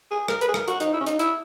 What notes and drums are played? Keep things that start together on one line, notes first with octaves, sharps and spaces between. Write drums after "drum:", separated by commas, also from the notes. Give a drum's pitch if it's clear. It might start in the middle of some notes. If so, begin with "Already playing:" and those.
G#4
A#4, drum: rim click
B4, drum: hi-hat
G#4
A#4, drum: rim click
F#4, drum: hi-hat
D#4, drum: hi-hat
E4
C#4
D#4, drum: hi-hat
E4, drum: hi-hat